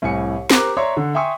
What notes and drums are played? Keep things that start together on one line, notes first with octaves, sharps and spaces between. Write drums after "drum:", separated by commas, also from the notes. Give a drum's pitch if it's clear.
C2 A2 G#5 C#7
G4 A#4 C5 A#5 D6 F#6, drum: snare
C#5 D5 E5 A#5 C6 C#6
D3
E5 G5 G#5 C6 C#6 D#6